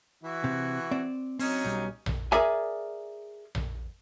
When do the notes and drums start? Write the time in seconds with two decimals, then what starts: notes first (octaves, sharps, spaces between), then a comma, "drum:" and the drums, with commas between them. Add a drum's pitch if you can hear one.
0.23 E3 E4 F#4
0.44 C3
0.91 C4 D5
1.39 F#3 C4 C#4 D#4, drum: open hi-hat
1.65 B1 G3
2.06 drum: tom A#1
2.32 G#4 A#4 D5 E5 G#5
3.55 drum: tom A#1